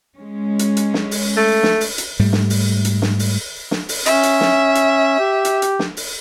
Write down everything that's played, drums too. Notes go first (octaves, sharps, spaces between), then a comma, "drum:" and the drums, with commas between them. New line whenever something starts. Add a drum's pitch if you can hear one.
G#3 C#4
drum: hi-hat
drum: hi-hat
drum: snare
drum: open hi-hat
A3
drum: snare
drum: open hi-hat
drum: hi-hat
G#2 G3 A3
drum: snare
drum: open hi-hat
drum: hi-hat
drum: snare
drum: open hi-hat
drum: snare
drum: open hi-hat
C#4 E5, drum: hi-hat
drum: hi-hat
drum: snare
drum: hi-hat
G4
drum: hi-hat
drum: hi-hat
drum: snare
drum: open hi-hat